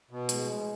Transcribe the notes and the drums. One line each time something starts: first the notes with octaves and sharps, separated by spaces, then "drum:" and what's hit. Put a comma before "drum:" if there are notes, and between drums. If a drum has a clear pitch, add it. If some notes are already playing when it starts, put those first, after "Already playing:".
B2
A2 F3 G#3, drum: hi-hat